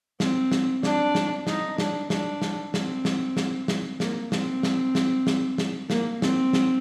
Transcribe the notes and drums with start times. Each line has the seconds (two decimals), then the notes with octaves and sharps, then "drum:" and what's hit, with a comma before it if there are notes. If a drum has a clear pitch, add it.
0.20 C4, drum: snare
0.52 drum: snare
0.83 D4, drum: snare
1.15 drum: snare
1.47 D#4, drum: snare
1.78 D4, drum: snare
2.10 D4, drum: snare
2.42 drum: snare
2.74 C4, drum: snare
3.05 drum: snare
3.37 drum: snare
3.68 drum: snare
4.00 A#3, drum: snare
4.32 C4, drum: snare
4.63 drum: snare
4.95 drum: snare
5.27 drum: snare
5.58 drum: snare
5.90 A#3, drum: snare
6.22 C4, drum: snare
6.53 drum: snare